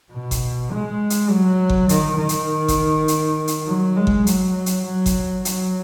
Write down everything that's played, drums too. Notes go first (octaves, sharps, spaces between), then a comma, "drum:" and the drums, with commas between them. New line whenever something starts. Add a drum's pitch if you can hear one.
B2
drum: kick G1, hi-hat
G#3
drum: hi-hat
F#3
drum: kick G1
D#3, drum: hi-hat
D#3
drum: hi-hat
drum: kick G1, hi-hat
drum: hi-hat
drum: hi-hat
F#3
G#3
drum: kick G1
F#3, drum: hi-hat
drum: hi-hat
F#3
drum: kick G1, hi-hat
F#3, drum: hi-hat